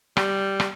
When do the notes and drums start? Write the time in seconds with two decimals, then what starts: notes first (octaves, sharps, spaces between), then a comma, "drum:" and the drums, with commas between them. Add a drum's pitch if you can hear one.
0.17 G3, drum: rim click
0.60 drum: rim click